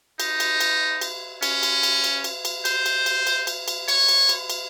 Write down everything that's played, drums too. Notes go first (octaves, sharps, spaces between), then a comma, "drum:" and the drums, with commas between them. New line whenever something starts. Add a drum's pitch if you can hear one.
D#4, drum: cymbal
drum: cymbal
drum: cymbal
drum: cymbal
C#4, drum: cymbal
drum: cymbal
drum: cymbal
drum: cymbal
drum: cymbal
drum: cymbal
C5, drum: cymbal
drum: cymbal
drum: cymbal
drum: cymbal
drum: cymbal
drum: cymbal
C#5, drum: cymbal
drum: cymbal
drum: cymbal
drum: cymbal